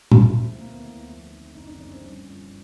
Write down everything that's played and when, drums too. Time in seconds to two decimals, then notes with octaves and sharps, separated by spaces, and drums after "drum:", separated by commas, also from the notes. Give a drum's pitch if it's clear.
0.12 D2 E4, drum: tom
0.35 F3
0.59 D2 A#3
0.71 B3
0.83 D2 E4
0.95 E4
1.07 F2
1.30 D#3
1.54 F#1 D#4
1.66 D4
1.78 F2 C#4
1.90 C4
2.01 G2 C#4
2.25 G1